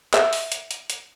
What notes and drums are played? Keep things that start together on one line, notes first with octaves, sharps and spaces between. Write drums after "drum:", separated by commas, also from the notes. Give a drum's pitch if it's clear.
E5, drum: clap
drum: open hi-hat
drum: hi-hat
drum: hi-hat
drum: hi-hat